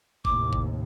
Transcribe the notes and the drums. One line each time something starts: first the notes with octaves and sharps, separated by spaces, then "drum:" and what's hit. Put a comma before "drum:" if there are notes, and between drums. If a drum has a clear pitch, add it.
D#2 A2 C3 D6, drum: kick G1
drum: kick G1